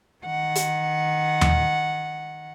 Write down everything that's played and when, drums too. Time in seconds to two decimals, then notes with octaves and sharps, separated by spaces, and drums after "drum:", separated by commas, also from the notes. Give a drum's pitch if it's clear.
0.25 D#3 F#5
0.55 drum: hi-hat
1.41 drum: tom D#2